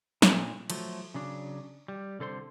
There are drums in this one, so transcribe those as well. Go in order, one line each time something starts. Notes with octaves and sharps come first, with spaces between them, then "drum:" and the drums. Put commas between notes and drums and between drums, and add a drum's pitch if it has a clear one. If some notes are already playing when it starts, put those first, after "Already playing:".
A#2, drum: snare
F3 F#3 A3, drum: cymbal
C#3 F#3 D4
G3
C2 D3 A4 C5 C6